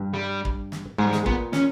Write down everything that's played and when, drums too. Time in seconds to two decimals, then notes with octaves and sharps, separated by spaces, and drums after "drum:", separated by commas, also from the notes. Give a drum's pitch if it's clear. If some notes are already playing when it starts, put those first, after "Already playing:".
Already playing: G2
0.14 G3
0.45 drum: kick
0.72 drum: snare
0.98 G#2 G#3
1.06 G3
1.13 G#3, drum: snare
1.26 A#2 B3, drum: kick
1.53 C#4, drum: snare